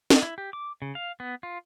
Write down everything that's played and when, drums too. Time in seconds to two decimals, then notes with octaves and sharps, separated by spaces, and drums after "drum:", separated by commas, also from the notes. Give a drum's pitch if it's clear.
0.10 drum: snare
0.23 E4
0.38 G4
0.53 D6
0.82 C#3
0.95 F5
1.20 B3
1.43 F4